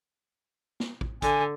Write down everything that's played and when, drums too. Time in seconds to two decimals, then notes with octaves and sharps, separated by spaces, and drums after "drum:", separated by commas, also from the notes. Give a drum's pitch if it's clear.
0.80 drum: snare
1.01 drum: kick
1.22 D3 G#5, drum: kick, hi-hat